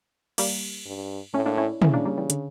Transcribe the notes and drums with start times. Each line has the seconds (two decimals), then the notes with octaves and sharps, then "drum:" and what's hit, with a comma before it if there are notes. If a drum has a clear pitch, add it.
0.38 G3 A#3, drum: cymbal
0.86 G2
1.34 A2 A3 C#4
1.46 A#3 D4
1.58 C#4 E4
1.82 C#3 C#4 E4, drum: tom
1.93 A#3 D4
2.05 G3 A#3
2.18 E3 G3
2.30 D3, drum: hi-hat